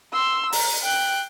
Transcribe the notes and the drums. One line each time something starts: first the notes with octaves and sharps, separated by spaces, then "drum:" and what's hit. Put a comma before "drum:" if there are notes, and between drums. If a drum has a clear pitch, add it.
C6 E6
A#5, drum: open hi-hat
G5 F#6